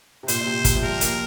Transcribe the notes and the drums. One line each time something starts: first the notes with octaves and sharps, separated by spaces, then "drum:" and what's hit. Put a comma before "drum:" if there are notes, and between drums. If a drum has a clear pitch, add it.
C3
A#2 C5, drum: hi-hat
A#2
C3
C3, drum: kick, hi-hat
F3
G3 A#4
A#3, drum: hi-hat